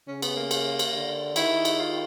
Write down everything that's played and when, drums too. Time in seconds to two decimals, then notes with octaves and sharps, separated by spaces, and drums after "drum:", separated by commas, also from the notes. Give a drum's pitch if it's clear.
0.08 C#3 C#4
0.22 B3, drum: cymbal
0.36 A#3
0.51 drum: cymbal
0.79 drum: cymbal
0.94 D3
1.36 D#3 E4, drum: cymbal
1.65 drum: cymbal
1.79 F4